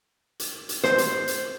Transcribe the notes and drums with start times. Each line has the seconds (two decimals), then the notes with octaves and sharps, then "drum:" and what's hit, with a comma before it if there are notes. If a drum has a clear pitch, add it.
0.40 drum: hi-hat
0.69 drum: hi-hat
0.84 C5, drum: snare
0.98 drum: hi-hat
1.28 drum: hi-hat